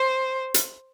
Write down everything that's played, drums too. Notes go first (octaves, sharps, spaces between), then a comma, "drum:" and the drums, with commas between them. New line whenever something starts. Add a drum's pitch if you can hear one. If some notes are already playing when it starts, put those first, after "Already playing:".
Already playing: C5
drum: hi-hat